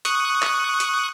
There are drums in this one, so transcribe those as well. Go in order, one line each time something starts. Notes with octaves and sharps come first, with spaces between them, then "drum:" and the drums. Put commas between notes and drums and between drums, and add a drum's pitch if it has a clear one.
C#6 D#6 F#6, drum: hi-hat
drum: clap
drum: hi-hat